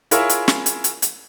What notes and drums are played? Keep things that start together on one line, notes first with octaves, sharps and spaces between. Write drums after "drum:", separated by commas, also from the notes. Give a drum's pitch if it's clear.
E4 F4 G#4 A#4 C#5 E5, drum: hi-hat
drum: hi-hat
drum: snare
drum: hi-hat
drum: hi-hat
drum: hi-hat